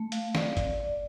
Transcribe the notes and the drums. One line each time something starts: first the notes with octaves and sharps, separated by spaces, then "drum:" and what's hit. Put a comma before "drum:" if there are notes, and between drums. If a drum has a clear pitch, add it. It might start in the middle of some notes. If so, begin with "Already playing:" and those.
Already playing: A3
F5, drum: hi-hat
D5, drum: snare
D5, drum: kick, hi-hat
D5